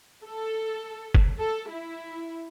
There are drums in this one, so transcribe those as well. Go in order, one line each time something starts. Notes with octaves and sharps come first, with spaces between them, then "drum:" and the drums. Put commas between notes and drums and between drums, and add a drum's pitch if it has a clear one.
A4
drum: kick
A4
E4